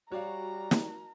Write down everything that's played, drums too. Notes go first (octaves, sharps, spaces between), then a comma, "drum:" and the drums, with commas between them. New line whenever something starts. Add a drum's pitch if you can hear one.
G3 F#4 C#5 D5 F5 A#5
drum: snare